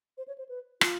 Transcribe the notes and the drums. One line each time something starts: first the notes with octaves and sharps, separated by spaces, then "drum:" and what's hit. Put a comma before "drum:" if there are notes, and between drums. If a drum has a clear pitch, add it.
C5
C#5
C5
B4
F4, drum: rim click